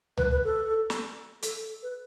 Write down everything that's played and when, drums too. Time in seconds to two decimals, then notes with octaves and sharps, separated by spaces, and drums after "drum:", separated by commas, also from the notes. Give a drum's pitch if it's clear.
0.17 B4, drum: tom C#2
0.32 B4
0.44 A4
0.90 drum: snare
1.42 A4, drum: hi-hat
1.83 B4